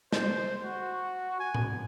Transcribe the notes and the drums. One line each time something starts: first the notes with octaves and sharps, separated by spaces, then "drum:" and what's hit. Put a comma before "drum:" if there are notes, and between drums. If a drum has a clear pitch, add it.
C5, drum: snare
F#4
G#5
drum: tom A2